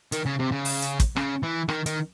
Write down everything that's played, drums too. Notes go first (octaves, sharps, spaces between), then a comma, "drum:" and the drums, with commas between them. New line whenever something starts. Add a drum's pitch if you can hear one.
D#3, drum: hi-hat
C#3
C3
C#3
drum: open hi-hat
drum: hi-hat
drum: kick, hi-hat
C#3, drum: rim click
E3
D#3, drum: rim click
D#3, drum: hi-hat